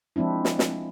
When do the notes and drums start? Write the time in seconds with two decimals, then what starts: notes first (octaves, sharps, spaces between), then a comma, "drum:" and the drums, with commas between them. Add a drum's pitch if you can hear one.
0.16 F3 G#3 C4 D4 E4
0.45 drum: snare
0.59 drum: snare